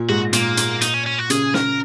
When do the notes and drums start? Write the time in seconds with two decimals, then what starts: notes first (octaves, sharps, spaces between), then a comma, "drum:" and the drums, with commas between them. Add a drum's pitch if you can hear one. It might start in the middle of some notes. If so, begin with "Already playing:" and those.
Already playing: A#2
0.09 G#2 F#4
0.33 A#2 A#3, drum: hi-hat
0.57 drum: hi-hat
0.81 D#4, drum: hi-hat
0.94 C#4
1.06 C#4
1.18 F#4
1.30 C#3 G#4, drum: hi-hat
1.54 A#4, drum: snare